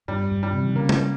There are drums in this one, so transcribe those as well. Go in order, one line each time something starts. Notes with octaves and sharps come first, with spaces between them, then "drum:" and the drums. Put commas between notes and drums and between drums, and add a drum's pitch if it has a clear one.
G2 G3
G2
G3
C3
F3
D#3
C#3 A#3
drum: tom